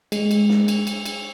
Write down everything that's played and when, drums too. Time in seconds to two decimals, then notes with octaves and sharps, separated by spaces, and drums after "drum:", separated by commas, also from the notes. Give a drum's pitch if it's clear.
0.12 G#3, drum: cymbal
0.31 drum: cymbal
0.49 drum: snare
0.68 drum: cymbal
0.87 drum: cymbal
1.06 drum: cymbal